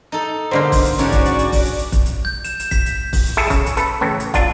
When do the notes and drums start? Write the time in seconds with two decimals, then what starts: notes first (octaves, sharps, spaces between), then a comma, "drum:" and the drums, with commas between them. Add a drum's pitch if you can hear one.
0.12 D#4 A4
0.51 B2 D3 A#3 C5
0.72 drum: kick, open hi-hat
0.85 drum: hi-hat
0.99 G#2 C#4 D4 F#4 C#5 D5, drum: hi-hat
1.12 drum: kick, hi-hat
1.25 drum: hi-hat
1.39 drum: hi-hat
1.52 drum: kick, open hi-hat
1.66 drum: hi-hat
1.79 drum: hi-hat
1.92 drum: kick, hi-hat
2.06 drum: hi-hat
2.25 G6
2.45 E7, drum: hi-hat
2.60 E7, drum: hi-hat
2.71 B6, drum: kick, hi-hat
2.86 drum: hi-hat
3.13 drum: kick, open hi-hat
3.26 drum: hi-hat
3.37 E4 G#4 A4 E5
3.50 C#3, drum: kick, hi-hat
3.66 drum: hi-hat
3.77 A4 B4, drum: hi-hat
4.01 A2 C#3 E3
4.20 drum: hi-hat
4.34 F#2 D4 F4, drum: kick, hi-hat